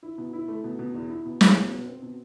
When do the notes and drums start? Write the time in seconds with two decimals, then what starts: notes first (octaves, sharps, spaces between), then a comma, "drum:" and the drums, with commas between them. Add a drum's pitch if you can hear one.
0.03 E4
0.18 B2
0.33 E4
0.48 A3
0.64 B2
0.79 B2
0.94 E2
1.10 E4
1.26 B2
1.41 E2, drum: snare
1.56 B2
1.71 B2
1.86 C4
2.03 B2